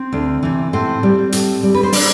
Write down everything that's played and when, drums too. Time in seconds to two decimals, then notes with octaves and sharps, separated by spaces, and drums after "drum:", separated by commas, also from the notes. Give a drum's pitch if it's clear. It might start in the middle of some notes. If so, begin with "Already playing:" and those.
Already playing: C4
0.12 D2
0.43 C3 E3
0.73 A2 C4 C5
1.03 G3
1.32 A2, drum: hi-hat
1.63 G3
1.74 B4
1.83 C5
1.93 D4 D5, drum: open hi-hat